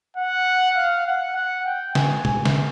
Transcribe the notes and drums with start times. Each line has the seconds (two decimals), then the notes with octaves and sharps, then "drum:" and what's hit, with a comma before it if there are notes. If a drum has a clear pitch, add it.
0.17 F#5
0.77 F5
1.06 F#5
1.36 F#5
1.66 G5
1.95 G#5, drum: snare
2.25 G#5, drum: tom
2.45 drum: snare